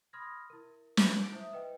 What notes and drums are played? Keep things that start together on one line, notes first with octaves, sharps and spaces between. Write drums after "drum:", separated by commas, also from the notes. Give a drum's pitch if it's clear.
B5 C6 D#6 F6 G#6 A#6
E4 A#4
B4 F#5, drum: snare
D#4 D6 G6 D7
E4 C5 E5 D#6
B4 D#5 F#5 G5